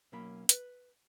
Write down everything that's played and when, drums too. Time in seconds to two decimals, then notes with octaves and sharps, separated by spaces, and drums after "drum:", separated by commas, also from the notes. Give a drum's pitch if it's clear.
0.12 B1 F#3 A#3 C#4 B5
0.49 B4, drum: hi-hat